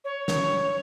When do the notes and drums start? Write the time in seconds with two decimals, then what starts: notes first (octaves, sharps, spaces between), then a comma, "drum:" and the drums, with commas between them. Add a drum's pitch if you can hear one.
0.05 C#5
0.28 drum: snare